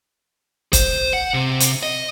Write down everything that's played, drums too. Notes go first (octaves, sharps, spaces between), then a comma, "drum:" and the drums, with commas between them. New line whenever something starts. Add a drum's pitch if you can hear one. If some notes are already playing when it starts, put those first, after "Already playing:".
C5, drum: kick, hi-hat
F#5
C3
drum: hi-hat
D#5